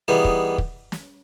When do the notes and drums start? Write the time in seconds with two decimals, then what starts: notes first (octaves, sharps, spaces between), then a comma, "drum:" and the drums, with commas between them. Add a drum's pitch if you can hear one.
0.08 E3 G3 B3 D#4 G#4
0.25 drum: kick
0.58 drum: kick
0.92 drum: snare